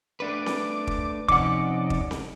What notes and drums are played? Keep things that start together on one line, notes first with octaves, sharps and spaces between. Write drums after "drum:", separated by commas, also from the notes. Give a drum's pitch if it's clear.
A3 D4 B4 D6
drum: snare C4
drum: kick
F2 C3 C#4 D#4 D5 F#5 D6, drum: kick
drum: kick
drum: snare C4